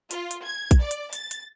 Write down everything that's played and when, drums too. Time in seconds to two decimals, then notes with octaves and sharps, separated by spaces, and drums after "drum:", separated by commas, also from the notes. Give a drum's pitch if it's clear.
0.11 F4, drum: hi-hat
0.31 drum: hi-hat
0.44 G#6
0.71 drum: kick A#1, hi-hat
0.80 D5
0.91 drum: hi-hat
1.13 A6, drum: hi-hat
1.31 drum: hi-hat